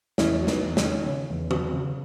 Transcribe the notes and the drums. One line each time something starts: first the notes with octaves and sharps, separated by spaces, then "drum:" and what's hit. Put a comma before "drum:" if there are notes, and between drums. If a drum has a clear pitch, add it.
E2 C#4 E4, drum: snare
F#3
B3 D#4, drum: snare
E2
C#4, drum: snare
D#3
C#3
E2
F#3, drum: tom D#3
C#3